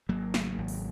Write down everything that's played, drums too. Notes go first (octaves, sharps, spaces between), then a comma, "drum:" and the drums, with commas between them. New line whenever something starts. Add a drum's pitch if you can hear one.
G#1 F#3 A#3
C#3, drum: snare
G#1
drum: open hi-hat